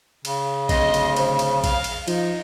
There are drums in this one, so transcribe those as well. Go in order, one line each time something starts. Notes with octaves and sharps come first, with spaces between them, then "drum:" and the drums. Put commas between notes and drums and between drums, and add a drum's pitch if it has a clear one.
C#3, drum: cymbal
D1 D#5 C6, drum: kick, cymbal
drum: cymbal
C5, drum: cymbal
drum: cymbal
F5, drum: kick, cymbal
drum: cymbal
F3 D#4, drum: cymbal